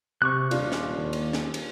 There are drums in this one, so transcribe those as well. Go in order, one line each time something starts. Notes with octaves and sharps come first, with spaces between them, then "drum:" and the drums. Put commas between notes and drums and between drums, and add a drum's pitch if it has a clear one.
C3 C#6 D6 F#6
D#1 D4 F4, drum: cymbal
drum: snare
D#2
drum: cymbal
drum: snare
drum: cymbal